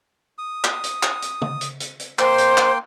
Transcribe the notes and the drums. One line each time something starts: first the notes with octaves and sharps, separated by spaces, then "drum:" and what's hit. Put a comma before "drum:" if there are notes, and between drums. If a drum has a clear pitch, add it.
D#6
drum: clap
drum: hi-hat
drum: clap
drum: hi-hat
drum: tom
drum: hi-hat
drum: hi-hat
drum: hi-hat
A#3 C5 G5 C6, drum: clap
drum: hi-hat
drum: clap